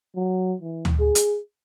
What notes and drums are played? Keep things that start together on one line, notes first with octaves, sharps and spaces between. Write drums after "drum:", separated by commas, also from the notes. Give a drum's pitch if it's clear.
F#3
E3
drum: tom D2
G#4
drum: hi-hat